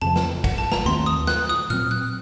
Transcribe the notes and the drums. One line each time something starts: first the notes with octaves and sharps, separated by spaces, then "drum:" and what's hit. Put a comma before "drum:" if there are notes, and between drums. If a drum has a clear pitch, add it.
F2 C#3 F3 A5
drum: snare
F#5, drum: kick, cymbal
A5
A#5, drum: snare
D#2 D#3 A3 C4 C6
D#6
F#6, drum: snare
D#6
A#2 F#3 C4 F6
F#6